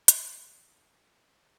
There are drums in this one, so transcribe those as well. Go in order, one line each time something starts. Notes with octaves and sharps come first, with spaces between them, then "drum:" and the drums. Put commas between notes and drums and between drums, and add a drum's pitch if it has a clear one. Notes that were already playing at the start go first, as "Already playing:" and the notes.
Already playing: E3
A#5, drum: hi-hat
A#3 G#5
G#2 G5
G#5
G5
D#3 E5
A#3 G5
D#3